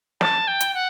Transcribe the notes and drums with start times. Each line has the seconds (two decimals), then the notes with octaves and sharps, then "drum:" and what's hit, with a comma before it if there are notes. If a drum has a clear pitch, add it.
0.21 A5, drum: snare
0.48 G5
0.60 drum: hi-hat
0.74 F#5